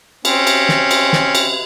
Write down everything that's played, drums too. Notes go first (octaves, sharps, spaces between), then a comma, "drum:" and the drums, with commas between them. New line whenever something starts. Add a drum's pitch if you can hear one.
C4 C#4, drum: cymbal
drum: cymbal
drum: snare
drum: cymbal
drum: snare
drum: cymbal